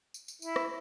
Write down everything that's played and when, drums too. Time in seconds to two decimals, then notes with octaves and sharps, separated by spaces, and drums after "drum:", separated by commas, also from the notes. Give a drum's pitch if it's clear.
0.14 drum: tambourine
0.28 drum: tambourine
0.42 E4, drum: tambourine
0.56 drum: rim click